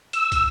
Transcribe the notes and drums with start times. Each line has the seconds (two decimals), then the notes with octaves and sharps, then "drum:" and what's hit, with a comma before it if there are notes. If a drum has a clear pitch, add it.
0.13 E6, drum: hi-hat
0.32 drum: kick, hi-hat